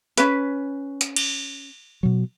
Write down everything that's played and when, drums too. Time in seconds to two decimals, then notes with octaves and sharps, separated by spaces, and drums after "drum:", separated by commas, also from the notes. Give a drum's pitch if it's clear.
0.17 C#4 B4, drum: hi-hat
1.01 drum: hi-hat
1.16 drum: cymbal
2.03 B2 F#3